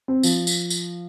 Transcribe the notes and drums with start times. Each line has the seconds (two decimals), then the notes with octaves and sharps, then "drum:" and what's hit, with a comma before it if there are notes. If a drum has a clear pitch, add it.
0.08 C4
0.23 F3, drum: tambourine
0.47 drum: tambourine
0.70 drum: tambourine